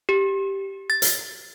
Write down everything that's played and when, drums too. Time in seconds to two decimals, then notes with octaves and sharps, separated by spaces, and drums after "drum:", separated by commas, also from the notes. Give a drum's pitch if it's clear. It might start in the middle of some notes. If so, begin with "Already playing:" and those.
0.09 G4
0.90 A6
1.02 drum: hi-hat